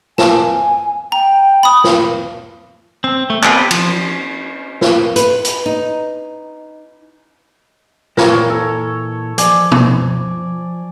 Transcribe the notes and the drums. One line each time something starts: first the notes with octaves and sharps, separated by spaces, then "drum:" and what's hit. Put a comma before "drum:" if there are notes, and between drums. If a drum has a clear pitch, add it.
G#5 A5, drum: snare
G5 A#5
B5 D#6
drum: snare
C4
A3
B3 C4 G4 B4, drum: clap
F3, drum: cymbal
drum: snare
B4, drum: hi-hat
drum: hi-hat
D#4
A#2 E3 A#4 C#5 A5, drum: snare
A4
F3 D5 G#5, drum: hi-hat
drum: tom